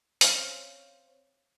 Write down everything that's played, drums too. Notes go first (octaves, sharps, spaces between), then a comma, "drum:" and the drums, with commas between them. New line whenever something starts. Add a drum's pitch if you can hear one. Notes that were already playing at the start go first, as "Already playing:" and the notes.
C4 C#4 F5, drum: open hi-hat